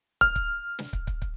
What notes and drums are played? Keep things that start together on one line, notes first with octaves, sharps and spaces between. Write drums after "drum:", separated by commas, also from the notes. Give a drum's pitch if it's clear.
F6, drum: kick
drum: kick
drum: snare
drum: kick
drum: kick
drum: kick